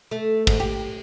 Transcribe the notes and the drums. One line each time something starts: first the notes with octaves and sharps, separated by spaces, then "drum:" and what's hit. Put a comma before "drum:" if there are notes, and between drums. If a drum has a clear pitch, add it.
A3
G#2, drum: kick, cymbal
G4